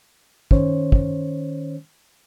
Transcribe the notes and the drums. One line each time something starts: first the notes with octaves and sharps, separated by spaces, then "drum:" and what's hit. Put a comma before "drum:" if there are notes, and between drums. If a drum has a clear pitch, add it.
D#3 C#4 C5 C#5, drum: kick
drum: kick